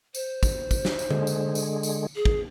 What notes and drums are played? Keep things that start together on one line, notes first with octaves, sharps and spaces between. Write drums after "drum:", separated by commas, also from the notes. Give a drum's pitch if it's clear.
C5, drum: tambourine
drum: kick, tambourine
drum: kick, tambourine
drum: snare
drum: tambourine
D3 G#3, drum: tom D3
drum: tambourine
drum: tambourine
drum: tambourine
G#4
drum: kick